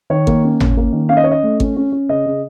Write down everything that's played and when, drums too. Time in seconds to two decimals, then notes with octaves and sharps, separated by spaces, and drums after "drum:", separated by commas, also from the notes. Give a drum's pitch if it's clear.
0.10 D#3 C#5
0.27 A#3, drum: kick G#1
0.44 C#4
0.60 C#4, drum: tom G#1
0.77 A#3
0.93 D#3
1.09 C#4 F5
1.17 D#5
1.24 C#4 C#5
1.32 D#5
1.43 A3
1.60 C#4, drum: kick G#1
1.77 C#4
1.92 C#4
2.09 C#3 D#5
2.26 C#3